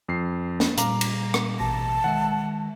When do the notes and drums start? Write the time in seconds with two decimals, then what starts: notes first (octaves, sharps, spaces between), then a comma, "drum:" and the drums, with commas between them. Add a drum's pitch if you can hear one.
0.09 F2 C7
0.60 drum: snare
0.77 A#2 G3 F5 A#5 D6, drum: hi-hat
1.01 drum: cymbal
1.34 drum: rim click
1.60 A1 B2 A5 A#6
2.04 D#3 G#3 E5 F#5